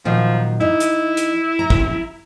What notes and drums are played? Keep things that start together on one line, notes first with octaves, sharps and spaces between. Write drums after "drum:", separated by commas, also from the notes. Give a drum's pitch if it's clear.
A#2 D#3 F3 F#3
E3 D#4 E4
drum: hi-hat
drum: hi-hat
A#5
drum: kick